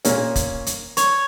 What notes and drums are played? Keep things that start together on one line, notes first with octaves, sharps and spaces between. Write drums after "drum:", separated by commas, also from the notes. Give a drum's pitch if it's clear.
A#2 A#3 C#4, drum: hi-hat
drum: kick, hi-hat
drum: hi-hat
C#5, drum: hi-hat